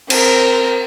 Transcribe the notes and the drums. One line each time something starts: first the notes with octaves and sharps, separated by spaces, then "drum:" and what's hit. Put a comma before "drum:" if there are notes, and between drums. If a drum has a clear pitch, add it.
C4 A#4, drum: cymbal